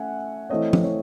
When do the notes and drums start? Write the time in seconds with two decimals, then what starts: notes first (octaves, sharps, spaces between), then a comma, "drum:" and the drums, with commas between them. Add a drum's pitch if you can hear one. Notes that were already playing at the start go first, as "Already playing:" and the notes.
Already playing: A3 C#4 E5 F#5 G#5
0.50 E3 A3 C4 C#5 D#5
0.73 drum: tom F3
0.84 C#5